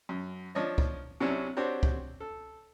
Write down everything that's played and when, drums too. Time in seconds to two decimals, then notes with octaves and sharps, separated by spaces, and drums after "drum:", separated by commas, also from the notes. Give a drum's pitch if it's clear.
0.09 F#2
0.55 F3 D4 C#5 D#5
0.78 drum: kick
1.20 C3 F#3 C#4 D4 E4
1.57 C4 D4 F#4 G4 C5 C#5
1.83 drum: kick
2.20 A4